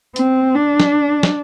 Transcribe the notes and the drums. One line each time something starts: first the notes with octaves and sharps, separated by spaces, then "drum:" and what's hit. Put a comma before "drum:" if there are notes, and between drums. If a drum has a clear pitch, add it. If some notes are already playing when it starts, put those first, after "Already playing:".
C4, drum: hi-hat
D4
drum: snare
drum: snare